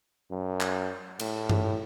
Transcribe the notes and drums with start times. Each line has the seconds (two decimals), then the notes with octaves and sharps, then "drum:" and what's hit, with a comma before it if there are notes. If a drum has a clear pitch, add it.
0.31 F#2
0.60 drum: clap
1.20 A2, drum: cymbal
1.49 drum: tom G2